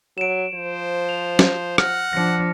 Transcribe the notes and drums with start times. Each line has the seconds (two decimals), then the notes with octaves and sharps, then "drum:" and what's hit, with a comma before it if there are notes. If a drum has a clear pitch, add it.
0.18 F#3 D7 E7
0.54 F3 C5
1.09 F7
1.39 drum: snare
1.78 F#5 F6 A#6, drum: rim click
2.13 F3 D4 A#6 C#7